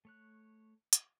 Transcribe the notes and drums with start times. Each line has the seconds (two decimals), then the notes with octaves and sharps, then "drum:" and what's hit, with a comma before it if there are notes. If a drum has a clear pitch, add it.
0.05 A3 C#5 F#6
0.93 drum: hi-hat